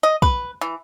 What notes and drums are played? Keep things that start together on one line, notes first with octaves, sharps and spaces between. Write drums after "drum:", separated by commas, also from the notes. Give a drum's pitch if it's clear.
D#5
B4, drum: kick
E3